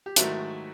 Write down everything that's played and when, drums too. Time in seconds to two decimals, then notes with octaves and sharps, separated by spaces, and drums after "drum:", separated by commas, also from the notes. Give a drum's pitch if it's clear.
0.06 G4
0.16 G#2 D#3 F#3 A3 E4 F#4, drum: hi-hat